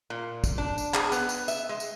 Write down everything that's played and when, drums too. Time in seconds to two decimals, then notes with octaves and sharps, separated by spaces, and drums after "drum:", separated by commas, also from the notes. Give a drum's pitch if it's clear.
0.10 A#2
0.44 drum: kick, tambourine
0.58 D4
0.78 drum: tambourine
0.94 G#4, drum: clap
1.12 B3, drum: tambourine
1.29 drum: tambourine
1.48 E5, drum: tambourine
1.69 G#3
1.80 drum: tambourine